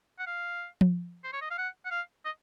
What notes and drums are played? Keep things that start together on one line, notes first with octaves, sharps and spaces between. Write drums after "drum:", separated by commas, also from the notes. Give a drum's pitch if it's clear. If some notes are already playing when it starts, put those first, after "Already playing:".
F#5
F5
drum: tom F3
C5
C#5
D#5
F5
F#5
F#5
F5
D#5